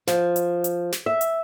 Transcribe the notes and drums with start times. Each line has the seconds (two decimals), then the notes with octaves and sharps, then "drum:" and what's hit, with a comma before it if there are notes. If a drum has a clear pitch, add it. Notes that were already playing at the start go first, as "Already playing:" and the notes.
0.07 F3, drum: snare
0.36 drum: hi-hat
0.64 drum: hi-hat
0.92 drum: snare
1.06 E5
1.21 drum: hi-hat